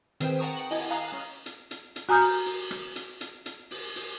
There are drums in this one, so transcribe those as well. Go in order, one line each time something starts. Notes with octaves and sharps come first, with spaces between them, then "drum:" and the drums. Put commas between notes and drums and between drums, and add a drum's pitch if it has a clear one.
D#3 C4 G#4 B4 C5 G5, drum: hi-hat
F#5 G5 A5 A#5 C#6 D#6
G5 F#7
E4 D#5 G#5, drum: open hi-hat
F5 G#5 A#5 D#6 F#6 C7
C#4
drum: hi-hat
drum: hi-hat
drum: hi-hat
F#4 G#5 A#5 D#6 F6 G6
drum: open hi-hat
drum: open hi-hat
drum: rim click
drum: hi-hat
drum: hi-hat
drum: hi-hat
drum: open hi-hat
drum: open hi-hat